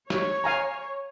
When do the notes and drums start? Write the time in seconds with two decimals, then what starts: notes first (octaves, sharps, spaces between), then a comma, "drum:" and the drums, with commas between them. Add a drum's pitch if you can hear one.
0.10 C#5, drum: snare
0.44 F5 G#5 A#5